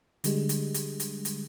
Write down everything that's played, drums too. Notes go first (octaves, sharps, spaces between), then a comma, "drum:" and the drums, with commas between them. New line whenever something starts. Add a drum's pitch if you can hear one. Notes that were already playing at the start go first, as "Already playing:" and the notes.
D3 G3 G#3, drum: hi-hat
drum: hi-hat
drum: hi-hat
drum: hi-hat
drum: hi-hat